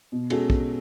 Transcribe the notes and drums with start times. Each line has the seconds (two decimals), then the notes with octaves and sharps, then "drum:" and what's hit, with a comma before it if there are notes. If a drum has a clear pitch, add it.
0.12 B2
0.30 G#3 C#4 F#4 A4, drum: cymbal
0.50 B2, drum: kick